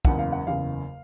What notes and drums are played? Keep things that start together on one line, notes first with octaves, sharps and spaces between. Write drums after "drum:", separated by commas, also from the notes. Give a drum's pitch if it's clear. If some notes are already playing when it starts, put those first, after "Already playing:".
F#1 E2 C#3 F#5, drum: kick
F5
F#5
F#1 E2 C#3 F5